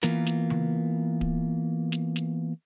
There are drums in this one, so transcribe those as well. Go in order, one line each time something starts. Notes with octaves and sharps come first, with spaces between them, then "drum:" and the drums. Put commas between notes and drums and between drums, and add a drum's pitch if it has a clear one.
E3 A#3 B3 F4 A#4, drum: snare
drum: snare
drum: tom C#3
drum: kick D1
drum: snare
drum: snare